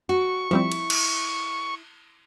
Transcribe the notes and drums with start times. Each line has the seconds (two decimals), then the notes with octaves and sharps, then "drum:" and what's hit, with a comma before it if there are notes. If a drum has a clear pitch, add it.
0.09 F#4 C#6
0.51 F3 G3 C4 E4
0.72 drum: cymbal
0.90 drum: cymbal